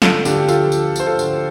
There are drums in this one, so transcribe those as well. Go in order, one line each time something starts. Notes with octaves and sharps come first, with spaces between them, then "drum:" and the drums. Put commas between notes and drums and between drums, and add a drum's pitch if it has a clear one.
D3 F4 A4, drum: snare
D2 D4 G4, drum: tambourine
G4
F3 F4 A4, drum: tambourine
D2, drum: tambourine
D3 C5, drum: tambourine
F4 A4
D2, drum: tambourine